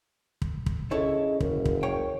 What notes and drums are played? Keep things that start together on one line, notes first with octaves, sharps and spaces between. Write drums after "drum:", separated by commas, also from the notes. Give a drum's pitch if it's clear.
drum: kick
drum: kick
C#3 E4 A4 C#5 D#5
F#1 A#4, drum: kick
drum: kick
C#5 G5